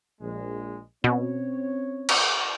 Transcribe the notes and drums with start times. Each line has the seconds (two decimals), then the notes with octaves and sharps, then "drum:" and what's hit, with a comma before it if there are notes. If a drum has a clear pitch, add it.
0.21 A#1 G#3
1.04 B2 C4 C#4 C#5
2.09 drum: cymbal